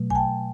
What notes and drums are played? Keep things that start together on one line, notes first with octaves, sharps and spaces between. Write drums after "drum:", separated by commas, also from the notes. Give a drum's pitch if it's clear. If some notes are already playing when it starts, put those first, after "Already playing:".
Already playing: B2 F#3 A3
G#5, drum: kick A#1
G5 A5